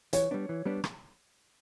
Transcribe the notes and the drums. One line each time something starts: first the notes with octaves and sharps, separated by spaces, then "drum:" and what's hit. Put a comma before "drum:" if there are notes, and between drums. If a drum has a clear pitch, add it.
E3 C#5, drum: hi-hat
G3 B3 D4
E3
G3 B3 D4
drum: rim click